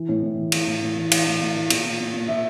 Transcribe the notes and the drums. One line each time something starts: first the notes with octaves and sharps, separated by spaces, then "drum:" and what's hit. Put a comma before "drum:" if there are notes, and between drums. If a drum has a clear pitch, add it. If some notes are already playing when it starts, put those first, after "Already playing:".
Already playing: E3
A2
A2
E3
E3, drum: cymbal
A2
A2
E3
E3, drum: cymbal
A2
A2
E3
A#2, drum: cymbal
A#2
A#2
A#2
A#2 E5